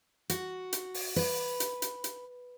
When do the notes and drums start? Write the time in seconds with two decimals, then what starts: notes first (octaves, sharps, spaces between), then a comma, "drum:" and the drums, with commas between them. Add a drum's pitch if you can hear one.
0.30 F#4, drum: hi-hat
0.73 drum: hi-hat
0.94 drum: open hi-hat
1.16 B4, drum: open hi-hat
1.60 drum: hi-hat
1.82 drum: hi-hat
2.04 drum: hi-hat